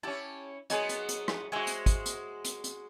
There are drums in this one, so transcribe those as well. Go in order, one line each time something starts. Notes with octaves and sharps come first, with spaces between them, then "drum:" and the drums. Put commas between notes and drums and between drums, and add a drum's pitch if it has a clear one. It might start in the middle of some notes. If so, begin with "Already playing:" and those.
C#4 E4 G4 A5
F#3 B3 D#4 G#4 G#5 C6, drum: hi-hat
drum: hi-hat
drum: hi-hat
drum: rim click
G#3 F#4 C5 E5 G#5
drum: hi-hat
drum: kick, hi-hat
drum: hi-hat
drum: hi-hat
drum: hi-hat